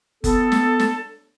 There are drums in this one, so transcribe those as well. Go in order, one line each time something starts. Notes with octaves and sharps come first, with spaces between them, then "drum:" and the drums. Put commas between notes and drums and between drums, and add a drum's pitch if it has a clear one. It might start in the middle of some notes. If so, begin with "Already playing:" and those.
B3 A4, drum: kick F#1, hi-hat
drum: snare
drum: snare